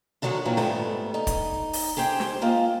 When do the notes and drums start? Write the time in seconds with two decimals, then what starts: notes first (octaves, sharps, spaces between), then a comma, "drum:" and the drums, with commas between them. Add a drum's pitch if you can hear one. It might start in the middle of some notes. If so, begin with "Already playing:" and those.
0.22 D3 D#3 F#3 G#3 F#4
0.45 A#2 D#3 E3 F#3
0.57 G#2 G3 A3 B3, drum: snare
1.14 D#4
1.27 drum: kick, hi-hat
1.73 drum: open hi-hat
1.97 G4 G#4 C5 G5
2.20 drum: snare
2.41 G#3 A#3 F4